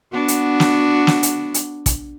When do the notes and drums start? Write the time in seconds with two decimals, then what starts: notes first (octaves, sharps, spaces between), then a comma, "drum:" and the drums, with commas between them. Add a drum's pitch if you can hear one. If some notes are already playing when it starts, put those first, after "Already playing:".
0.12 B3 D4 F#4
0.28 drum: hi-hat
0.60 drum: snare
1.07 drum: snare
1.23 drum: hi-hat
1.54 drum: hi-hat
1.86 drum: kick, hi-hat